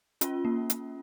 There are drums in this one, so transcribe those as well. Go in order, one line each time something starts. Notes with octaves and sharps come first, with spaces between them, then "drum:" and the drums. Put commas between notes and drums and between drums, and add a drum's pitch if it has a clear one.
C#4 F4, drum: hi-hat
A#3
drum: hi-hat